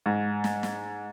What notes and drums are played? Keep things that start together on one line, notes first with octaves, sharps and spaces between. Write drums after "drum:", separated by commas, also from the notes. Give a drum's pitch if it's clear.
G#2
drum: snare
drum: snare